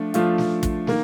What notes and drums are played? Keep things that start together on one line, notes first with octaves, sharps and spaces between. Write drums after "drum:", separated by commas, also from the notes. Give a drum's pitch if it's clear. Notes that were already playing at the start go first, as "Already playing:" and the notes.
Already playing: F3 A3 D4 F4
F3 A3 D4 F4, drum: hi-hat
drum: snare
drum: kick, hi-hat
D#3 A#3, drum: snare